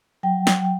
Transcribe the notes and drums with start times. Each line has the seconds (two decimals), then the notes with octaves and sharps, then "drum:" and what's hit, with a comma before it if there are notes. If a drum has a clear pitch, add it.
0.23 F#3 G5
0.47 drum: snare